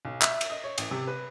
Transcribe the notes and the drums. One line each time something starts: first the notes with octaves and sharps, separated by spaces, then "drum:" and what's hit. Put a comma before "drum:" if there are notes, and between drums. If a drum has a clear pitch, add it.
B1
E5, drum: clap
drum: cymbal
D#5
C#5
A1, drum: cymbal
C3
B4